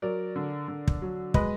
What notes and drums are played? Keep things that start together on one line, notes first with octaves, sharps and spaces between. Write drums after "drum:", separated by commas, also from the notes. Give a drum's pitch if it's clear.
F#3 A#4 D5
D3
D3
drum: kick
F#3
G#3 B4 D#5, drum: kick